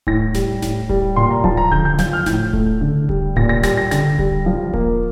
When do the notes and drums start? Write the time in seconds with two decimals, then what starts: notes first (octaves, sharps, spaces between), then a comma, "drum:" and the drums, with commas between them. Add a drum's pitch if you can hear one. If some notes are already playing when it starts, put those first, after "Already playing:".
0.07 A2 A#6, drum: kick D1
0.34 G3, drum: snare D#1
0.62 A2, drum: snare D#1
0.90 G3, drum: kick D1
1.16 A#2 C6
1.31 A#5
1.44 F3 A5, drum: kick D1
1.57 A#5
1.72 D3 G6, drum: kick D1
1.85 G6
1.99 F3 G6, drum: snare D#1
2.13 F6
2.26 A2 G6, drum: snare D#1
2.53 A3, drum: kick D1
2.81 D3
3.09 G3, drum: kick D1
3.36 A#2 A#6, drum: kick D1
3.49 A#6
3.63 G3 A#6, drum: snare D#1
3.77 A#6
3.91 D3 A#6, drum: snare D#1
4.19 G3, drum: kick D1
4.46 F3
4.74 A#3, drum: kick D1